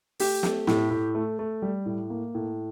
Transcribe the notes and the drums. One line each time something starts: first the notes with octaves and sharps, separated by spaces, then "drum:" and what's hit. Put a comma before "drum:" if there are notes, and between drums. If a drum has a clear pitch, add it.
A3 G4, drum: open hi-hat
A3, drum: snare
A2, drum: snare
A2
A3
A3
G3
A2
A#3
A2